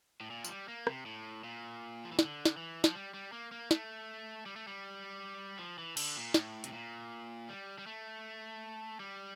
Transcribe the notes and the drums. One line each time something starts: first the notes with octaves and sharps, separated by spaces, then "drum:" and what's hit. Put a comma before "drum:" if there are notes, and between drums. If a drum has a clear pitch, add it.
A2
A#2
F3, drum: tambourine
G3
A#3
C3, drum: rim click
A2
A#2
F3
E3
D3, drum: snare
drum: snare
E3
F3, drum: snare
G3
G3
A#3
A#3
A3, drum: snare
G3
A3
G3
F3
E3
D3, drum: cymbal
A#2
A2, drum: snare
C3, drum: hi-hat
A#2
G3
G3
A3
G3